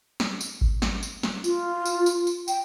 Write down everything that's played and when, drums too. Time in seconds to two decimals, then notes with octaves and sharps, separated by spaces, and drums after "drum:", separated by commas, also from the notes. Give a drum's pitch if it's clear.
0.20 drum: snare
0.41 drum: tambourine
0.61 drum: kick G#1
0.82 drum: snare
1.03 drum: tambourine
1.23 drum: snare
1.44 F4, drum: tambourine
1.86 drum: tambourine
2.06 drum: tambourine
2.27 drum: tambourine
2.48 G5, drum: tambourine